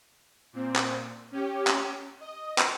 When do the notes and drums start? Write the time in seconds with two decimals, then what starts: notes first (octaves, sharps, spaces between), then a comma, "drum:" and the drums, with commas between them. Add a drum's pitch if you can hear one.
0.53 A#2 C4
0.76 drum: clap
1.32 C#4 G4
1.67 drum: clap
2.20 D#5
2.58 drum: clap